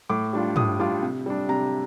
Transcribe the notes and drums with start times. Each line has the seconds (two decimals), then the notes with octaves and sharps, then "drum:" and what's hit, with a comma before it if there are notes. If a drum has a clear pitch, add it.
0.09 A2 D6
0.33 G3 D4 F4
0.56 A2 D#6, drum: tom
0.80 G3 D4 F4 D6
1.02 C3
1.26 G3 D4
1.49 C3 A#5